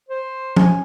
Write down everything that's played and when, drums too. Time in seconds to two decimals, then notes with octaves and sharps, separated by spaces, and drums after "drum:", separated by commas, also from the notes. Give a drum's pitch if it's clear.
0.09 C5
0.56 C#4 G#5, drum: tom